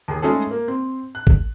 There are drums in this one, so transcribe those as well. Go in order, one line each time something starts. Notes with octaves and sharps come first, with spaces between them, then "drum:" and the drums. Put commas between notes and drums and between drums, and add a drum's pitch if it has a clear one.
D#2 G#4
G#3 A3 C#4 D#4 G#4 A4
A#3
C4
F#6
drum: kick A1